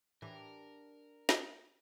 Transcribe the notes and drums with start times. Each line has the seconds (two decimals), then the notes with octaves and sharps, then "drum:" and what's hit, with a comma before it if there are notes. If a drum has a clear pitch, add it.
0.22 A2 E3 D4 G4 A#4
1.29 drum: snare